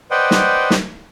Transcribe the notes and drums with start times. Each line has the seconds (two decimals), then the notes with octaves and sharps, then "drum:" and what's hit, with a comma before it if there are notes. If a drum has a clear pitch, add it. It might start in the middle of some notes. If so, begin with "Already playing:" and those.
0.11 B4 C5 D5 D#5 F#5 G5
0.31 drum: snare
0.70 drum: snare